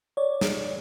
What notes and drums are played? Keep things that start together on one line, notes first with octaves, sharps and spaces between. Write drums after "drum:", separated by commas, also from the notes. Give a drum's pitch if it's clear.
C#5 D5
drum: snare